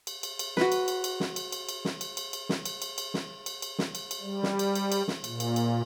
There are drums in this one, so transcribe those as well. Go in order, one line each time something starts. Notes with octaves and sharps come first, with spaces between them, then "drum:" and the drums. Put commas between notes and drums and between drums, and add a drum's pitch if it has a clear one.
drum: cymbal
drum: cymbal
drum: cymbal
F#4 B4, drum: snare
drum: cymbal
drum: cymbal
drum: cymbal
drum: snare
drum: cymbal
drum: cymbal
drum: cymbal
drum: snare
drum: cymbal
drum: cymbal
drum: cymbal
drum: snare
drum: cymbal
drum: cymbal
drum: cymbal
drum: snare
drum: cymbal
drum: cymbal
drum: snare
drum: cymbal
drum: cymbal
G3
drum: snare
drum: cymbal
drum: cymbal
drum: cymbal
drum: snare
A#2, drum: cymbal
drum: cymbal
drum: cymbal